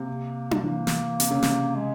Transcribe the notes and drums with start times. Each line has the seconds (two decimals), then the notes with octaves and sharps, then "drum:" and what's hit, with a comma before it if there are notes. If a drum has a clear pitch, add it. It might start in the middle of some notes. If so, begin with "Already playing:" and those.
Already playing: C3 A#3
0.51 drum: tom D4
0.63 E3 A#3
0.87 drum: snare
1.20 C3, drum: hi-hat
1.31 C#3
1.43 C3, drum: snare
1.76 G#3